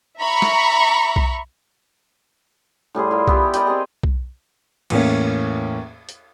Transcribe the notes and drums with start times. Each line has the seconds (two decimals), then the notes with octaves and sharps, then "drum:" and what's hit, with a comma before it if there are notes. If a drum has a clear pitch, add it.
0.18 E5 A#5 B5 C#6
0.42 drum: snare
1.16 drum: kick B1
2.95 A2 G3 G#4 C6
3.11 E4 F4 A#4
3.28 B3 E4 G4 B4, drum: kick B1
3.54 A#4 D5 D#5 G5, drum: hi-hat
3.66 C4 G4 G#4 D#5
4.03 drum: kick B1
4.90 E2 A2 A#3 C#4, drum: cymbal
6.09 drum: hi-hat